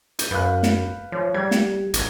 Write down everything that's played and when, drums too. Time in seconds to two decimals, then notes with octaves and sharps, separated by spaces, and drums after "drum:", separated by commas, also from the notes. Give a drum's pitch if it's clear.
0.19 G6 D#7, drum: hi-hat
0.31 F#2 B4 F5 F#6
0.63 drum: snare
1.12 F3 C#5
1.34 G3 G#6
1.51 drum: snare
1.94 A1 G#6 D#7, drum: hi-hat